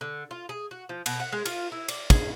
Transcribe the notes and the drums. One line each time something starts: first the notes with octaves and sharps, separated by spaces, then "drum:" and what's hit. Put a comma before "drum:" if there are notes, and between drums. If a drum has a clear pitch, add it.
D3
F4
G#4
F#4
F3
B2, drum: cymbal
F#5
G#3
F4, drum: cymbal
E4
D5, drum: cymbal
G#4, drum: kick, cymbal